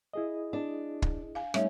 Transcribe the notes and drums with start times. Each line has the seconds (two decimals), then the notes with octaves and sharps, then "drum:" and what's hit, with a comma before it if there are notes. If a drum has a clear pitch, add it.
0.13 E4 G#4 D#5
0.53 D4
1.02 drum: kick
1.35 F5 G#5
1.54 G3 A3 C#4 D#4 E5 G#5, drum: rim click